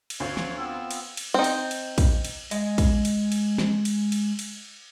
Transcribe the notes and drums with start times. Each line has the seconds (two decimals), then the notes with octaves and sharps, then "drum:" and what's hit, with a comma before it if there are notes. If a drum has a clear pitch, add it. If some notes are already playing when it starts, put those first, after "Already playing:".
0.10 drum: cymbal
0.20 D2 C#5 F5
0.37 drum: snare
0.58 B3 C4 F4 E6
0.91 drum: cymbal
1.17 drum: cymbal
1.34 C4 D#4
1.44 drum: cymbal
1.71 drum: cymbal
1.98 drum: kick, cymbal
2.25 drum: cymbal
2.51 G#3 D#5, drum: cymbal
2.78 drum: kick, cymbal
3.05 drum: cymbal
3.32 drum: cymbal
3.58 drum: snare
3.85 drum: cymbal
4.12 drum: cymbal
4.39 drum: cymbal